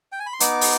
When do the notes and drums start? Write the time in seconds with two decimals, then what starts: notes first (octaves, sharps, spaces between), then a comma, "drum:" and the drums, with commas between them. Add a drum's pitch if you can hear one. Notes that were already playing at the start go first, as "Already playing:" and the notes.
0.12 G5
0.20 G#5
0.26 B5
0.33 C6
0.40 B3 D#4 D6, drum: hi-hat
0.61 drum: open hi-hat